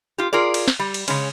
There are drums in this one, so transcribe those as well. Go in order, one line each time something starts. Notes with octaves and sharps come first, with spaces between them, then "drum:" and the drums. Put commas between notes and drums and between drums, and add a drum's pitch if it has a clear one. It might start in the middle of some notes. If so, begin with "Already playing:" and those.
F4 G4
F4 G#4 A#4 D5
drum: cymbal
drum: snare
G3
drum: cymbal
C#3 G#3 C#4, drum: cymbal